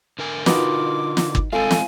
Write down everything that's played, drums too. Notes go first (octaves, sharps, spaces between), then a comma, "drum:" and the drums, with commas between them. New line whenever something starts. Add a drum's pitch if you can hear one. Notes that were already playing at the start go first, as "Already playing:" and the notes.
D3 A#4 G#5
D#4 F4 F#4 B4 D6, drum: snare
drum: snare
drum: kick
G#3 C4 F4 A4 F5 G#5
drum: snare